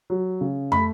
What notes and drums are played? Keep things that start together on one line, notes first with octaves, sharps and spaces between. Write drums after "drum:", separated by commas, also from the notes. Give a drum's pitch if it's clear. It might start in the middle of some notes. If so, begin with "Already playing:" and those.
F#3
C#3
A3 B5, drum: tom